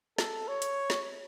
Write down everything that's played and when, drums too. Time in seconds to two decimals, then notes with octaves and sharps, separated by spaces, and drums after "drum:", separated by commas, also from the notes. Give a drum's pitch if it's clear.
0.18 A4, drum: snare
0.48 C#5
0.62 drum: hi-hat
0.90 drum: snare